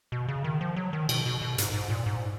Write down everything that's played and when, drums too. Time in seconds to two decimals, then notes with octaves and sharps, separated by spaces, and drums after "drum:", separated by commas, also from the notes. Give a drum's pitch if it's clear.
0.12 B2
0.28 C#3
0.44 D#3
0.61 F3
0.76 F#3
0.93 D#3
1.09 B2, drum: cymbal
1.26 B2
1.41 B2
1.58 G#2, drum: hi-hat
1.74 G#2
1.90 A#2
2.06 G#2